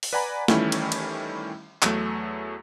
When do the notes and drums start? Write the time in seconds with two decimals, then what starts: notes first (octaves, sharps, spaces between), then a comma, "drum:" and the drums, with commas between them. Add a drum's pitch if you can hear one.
0.03 drum: open hi-hat
0.13 B4 D5 F#5 G#5 A#5 B5
0.48 D#3 E3 G3 A3 C#4 E4, drum: snare
0.72 drum: cymbal
0.92 drum: cymbal
1.82 E2 F#3 A3, drum: clap